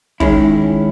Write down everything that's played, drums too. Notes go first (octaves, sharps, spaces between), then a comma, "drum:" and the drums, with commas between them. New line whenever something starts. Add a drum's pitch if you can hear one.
D#3 G#3 C#4 E4, drum: kick